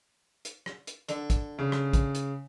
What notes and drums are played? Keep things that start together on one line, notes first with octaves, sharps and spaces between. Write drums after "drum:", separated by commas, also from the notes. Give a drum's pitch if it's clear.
drum: hi-hat
drum: rim click
drum: hi-hat
D3, drum: hi-hat
drum: kick, hi-hat
C#3
drum: rim click
drum: kick, hi-hat
drum: hi-hat